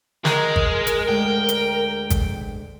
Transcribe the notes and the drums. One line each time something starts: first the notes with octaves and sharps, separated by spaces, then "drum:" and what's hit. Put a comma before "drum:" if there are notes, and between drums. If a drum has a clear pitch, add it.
G#3 A#4, drum: snare
drum: kick G#1
drum: hi-hat
D2 G#3 G5
drum: hi-hat
drum: kick G#1, hi-hat